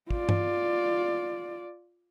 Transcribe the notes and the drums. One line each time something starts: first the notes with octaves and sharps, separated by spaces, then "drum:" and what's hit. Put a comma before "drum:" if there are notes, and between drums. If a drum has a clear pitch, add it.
F4 D5, drum: kick
drum: tom G2